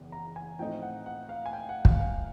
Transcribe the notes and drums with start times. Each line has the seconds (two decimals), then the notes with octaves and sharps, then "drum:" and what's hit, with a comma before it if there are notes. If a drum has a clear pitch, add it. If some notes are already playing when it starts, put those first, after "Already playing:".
Already playing: F#1 E2
0.12 A#5
0.36 G#5
0.59 A2 F3 A3 C4 D#4 G5
0.82 F#5
1.06 F#5
1.29 F5
1.46 G#5
1.53 G5
1.69 F#5
1.85 F5, drum: kick
2.00 F5